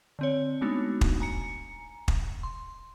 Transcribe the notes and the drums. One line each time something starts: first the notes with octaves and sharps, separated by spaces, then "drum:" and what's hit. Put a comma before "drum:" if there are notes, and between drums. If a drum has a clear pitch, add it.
D3 C4 C#5
G#3 A3 B3 D4 D#4 F#4
drum: kick
G#5 A#5 C#7
drum: kick
C6